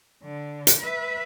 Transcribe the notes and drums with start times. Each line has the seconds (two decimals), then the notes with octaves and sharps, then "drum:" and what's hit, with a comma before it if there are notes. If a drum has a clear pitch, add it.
0.23 D3
0.67 drum: hi-hat
0.79 B4 E5